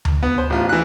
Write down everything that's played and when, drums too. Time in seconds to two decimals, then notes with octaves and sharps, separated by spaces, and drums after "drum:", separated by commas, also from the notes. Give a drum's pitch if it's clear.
0.05 drum: tom D2
0.23 B3
0.38 C5
0.50 A1 F4
0.69 E3 F#6